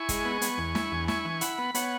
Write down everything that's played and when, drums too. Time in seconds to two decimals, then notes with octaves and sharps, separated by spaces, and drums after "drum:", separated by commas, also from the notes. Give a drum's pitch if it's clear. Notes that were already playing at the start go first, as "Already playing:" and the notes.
Already playing: E4 G#5 C#6
0.09 G#3, drum: kick, hi-hat
0.25 B3
0.42 B3, drum: hi-hat
0.58 E2
0.75 E4, drum: snare
0.92 E2
1.08 E4 G#5 C#6, drum: snare
1.25 E3
1.41 E4 F#5 B5, drum: hi-hat
1.58 B3
1.74 B3 C#5 F#5, drum: hi-hat